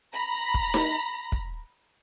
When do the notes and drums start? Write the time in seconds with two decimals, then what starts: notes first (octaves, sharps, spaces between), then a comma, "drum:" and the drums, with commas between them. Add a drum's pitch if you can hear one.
0.15 A#5 B5
0.54 drum: kick
0.74 drum: snare D#4
1.32 drum: kick